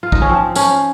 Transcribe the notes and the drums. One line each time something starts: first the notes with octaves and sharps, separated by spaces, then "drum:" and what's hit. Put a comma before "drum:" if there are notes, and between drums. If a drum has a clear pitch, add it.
F4
D#4, drum: kick
C#4
F3 C4
F3 C#4, drum: tambourine